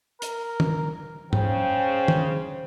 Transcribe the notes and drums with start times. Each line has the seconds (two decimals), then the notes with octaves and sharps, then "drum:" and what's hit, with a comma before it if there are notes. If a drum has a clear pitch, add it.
0.22 A#4, drum: hi-hat
0.60 drum: tom
1.33 C#3 C5 G5, drum: tom
2.08 drum: tom